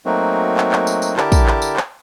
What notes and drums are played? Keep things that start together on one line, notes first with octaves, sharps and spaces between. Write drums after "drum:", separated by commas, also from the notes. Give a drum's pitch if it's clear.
F#3 A3 A#3 C4 D#4 F#4
drum: clap
drum: clap
drum: tambourine
drum: tambourine
D3 E4 G4 A#4 A5 D6, drum: clap
drum: kick, tambourine
drum: clap
drum: tambourine
drum: clap